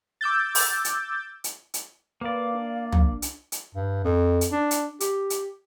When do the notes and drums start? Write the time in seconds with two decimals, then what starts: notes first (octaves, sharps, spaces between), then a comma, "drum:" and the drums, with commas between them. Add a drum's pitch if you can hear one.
0.21 D6 E6 G6 A6
0.55 drum: open hi-hat
0.85 drum: hi-hat
1.44 drum: hi-hat
1.74 drum: hi-hat
2.21 A#3 B4 D5 F5
2.54 D4
2.92 drum: tom
3.22 drum: hi-hat
3.52 drum: hi-hat
3.75 G2
4.04 F2
4.41 drum: hi-hat
4.52 D4
4.71 drum: hi-hat
5.00 G4, drum: hi-hat
5.30 drum: hi-hat